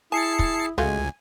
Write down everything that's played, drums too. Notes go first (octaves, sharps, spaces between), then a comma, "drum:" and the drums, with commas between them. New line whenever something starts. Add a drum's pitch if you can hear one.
E4 G#4 G#5 A5 C7 C#7
drum: kick
C#2 G#3 A3 F4 F#4 G#5